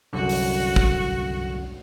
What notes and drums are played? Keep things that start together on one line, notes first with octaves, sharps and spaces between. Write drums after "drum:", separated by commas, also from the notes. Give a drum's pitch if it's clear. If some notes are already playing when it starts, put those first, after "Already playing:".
C2 F#2 D3 F#4
drum: open hi-hat
drum: kick